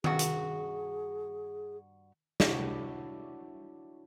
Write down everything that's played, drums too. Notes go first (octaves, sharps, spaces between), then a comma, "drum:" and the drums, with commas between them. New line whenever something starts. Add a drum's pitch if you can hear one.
G2 F#4 G#4, drum: tom D#3
drum: hi-hat
D4 E4 F#4 C#5 D5, drum: snare